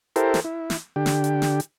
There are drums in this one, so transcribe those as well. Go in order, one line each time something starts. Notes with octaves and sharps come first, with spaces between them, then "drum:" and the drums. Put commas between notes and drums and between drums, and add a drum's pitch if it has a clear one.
E4 G4 A4 A#4 C5, drum: hi-hat
drum: snare
E4
drum: snare
D3 G4
drum: snare
drum: hi-hat
drum: snare
drum: hi-hat